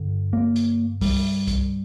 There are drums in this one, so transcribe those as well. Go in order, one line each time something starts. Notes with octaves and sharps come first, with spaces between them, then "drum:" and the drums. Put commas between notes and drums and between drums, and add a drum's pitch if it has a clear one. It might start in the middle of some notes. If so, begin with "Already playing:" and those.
Already playing: G2 D3
A#3
drum: hi-hat
G3, drum: kick C2, open hi-hat
drum: kick C2, hi-hat